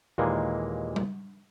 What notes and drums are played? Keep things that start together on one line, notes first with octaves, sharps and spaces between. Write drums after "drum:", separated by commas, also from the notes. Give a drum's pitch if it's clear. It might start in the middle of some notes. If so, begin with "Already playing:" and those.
D#2 A#2 E3 G#3 A#3
drum: tom G3